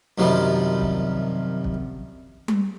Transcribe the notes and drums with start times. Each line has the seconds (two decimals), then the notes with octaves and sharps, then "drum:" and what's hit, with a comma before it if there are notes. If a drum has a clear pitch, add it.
0.18 F#2 C3 D#3 F3 G3
0.81 drum: kick
1.64 drum: kick
2.48 drum: tom G3